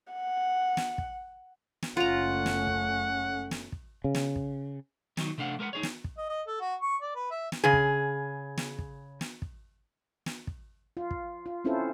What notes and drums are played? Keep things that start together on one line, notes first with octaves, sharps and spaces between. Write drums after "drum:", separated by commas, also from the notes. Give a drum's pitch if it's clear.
F#5
drum: snare
drum: kick
drum: snare
F#1 A3 C#4 F4 F#5 A#5
drum: snare
drum: kick
drum: snare
drum: kick
C#3
drum: snare
drum: kick
D#3 F#3 D#4, drum: snare
C3 A3 D4 F5 F#5
G#3 A#4 B4 D#5 F#5
D#4 G#4 C#5
drum: snare
drum: kick
D#5
D#5
A4
F#4
C#6
D5
B4
E5
drum: snare
C#3 G#4
drum: kick
drum: snare
drum: kick
drum: snare
drum: kick
drum: snare
drum: kick
F4
drum: kick
F4
C4 C#4 E4 F4 A4 C5